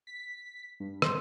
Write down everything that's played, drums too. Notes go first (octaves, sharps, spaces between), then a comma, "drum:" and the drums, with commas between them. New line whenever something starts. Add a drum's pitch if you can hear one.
B6
G2
C5, drum: rim click